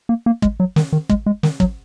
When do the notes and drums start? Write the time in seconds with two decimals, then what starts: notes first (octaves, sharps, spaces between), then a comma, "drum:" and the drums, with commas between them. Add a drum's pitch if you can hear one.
0.09 A#3
0.26 A#3
0.42 G#3, drum: kick
0.60 F#3
0.76 D#3, drum: snare
0.93 D#3
1.09 G#3, drum: kick
1.26 G#3
1.43 D#3, drum: snare
1.60 F#3, drum: kick